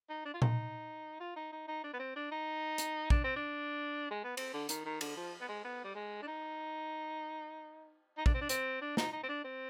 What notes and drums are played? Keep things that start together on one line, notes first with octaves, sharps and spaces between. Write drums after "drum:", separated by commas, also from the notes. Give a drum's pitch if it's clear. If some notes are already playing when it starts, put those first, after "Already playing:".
D#4
D4
F4
D#4, drum: tom A#2
F4
D#4
D#4
D#4
D4
B3
C4
D4
D#4
drum: hi-hat
D4, drum: kick
C4
D4
G#3
B3
C4, drum: cymbal
D3
D#3, drum: hi-hat
D#3
D3, drum: cymbal
F3
B3
G#3
B3
G3
G#3
D4
D#4
D#4
D4, drum: kick
C4
D4
C4, drum: hi-hat
D4
D#4, drum: snare
D#4
C4
D4
C4